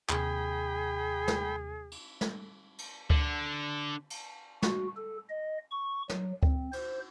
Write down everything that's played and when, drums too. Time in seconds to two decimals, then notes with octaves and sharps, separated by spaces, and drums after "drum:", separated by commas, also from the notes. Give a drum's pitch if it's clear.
0.09 D#2 C3 G#4 G5 B5, drum: clap
1.28 drum: snare
1.92 drum: cymbal
2.21 drum: snare
2.78 drum: cymbal
3.10 D3, drum: kick C#2
4.10 drum: cymbal
4.62 F#4, drum: snare
4.97 A4
5.29 D#5
5.71 C#6
6.09 F#3, drum: snare
6.43 C4, drum: kick C#2
6.73 C5, drum: cymbal